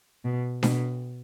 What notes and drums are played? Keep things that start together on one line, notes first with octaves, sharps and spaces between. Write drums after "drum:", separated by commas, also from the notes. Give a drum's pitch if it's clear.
B2
B2, drum: snare D4